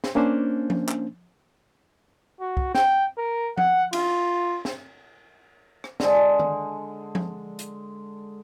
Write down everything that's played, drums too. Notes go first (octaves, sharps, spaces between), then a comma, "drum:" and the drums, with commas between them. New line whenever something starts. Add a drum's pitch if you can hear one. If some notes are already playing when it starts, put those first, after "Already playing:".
drum: snare
A#3 C#4 D4 C5
drum: tom F3
drum: clap
F#4
drum: kick
G5, drum: snare
A#4
F#5, drum: tom F3
F4, drum: cymbal
drum: snare
drum: rim click
D3 G#3, drum: snare
drum: tom D#3
drum: tom F3
drum: hi-hat